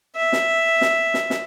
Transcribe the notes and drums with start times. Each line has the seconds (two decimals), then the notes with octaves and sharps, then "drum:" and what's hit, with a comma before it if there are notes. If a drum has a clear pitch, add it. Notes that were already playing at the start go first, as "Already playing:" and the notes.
0.16 E5
0.33 drum: snare
0.81 drum: snare
1.14 drum: snare
1.30 drum: snare